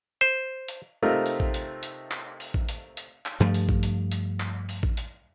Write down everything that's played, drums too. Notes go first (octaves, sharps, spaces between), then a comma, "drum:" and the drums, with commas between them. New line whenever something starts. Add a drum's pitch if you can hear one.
C5
drum: hi-hat
C3 A3 C4 D#4 F4 A#4
drum: open hi-hat
drum: kick A1
drum: hi-hat
drum: hi-hat
drum: clap
drum: open hi-hat
drum: kick A1
drum: hi-hat
drum: hi-hat
drum: clap
G2 F3 A3
drum: open hi-hat
drum: kick A1
drum: hi-hat
drum: hi-hat
drum: clap
drum: open hi-hat
drum: kick A1
drum: hi-hat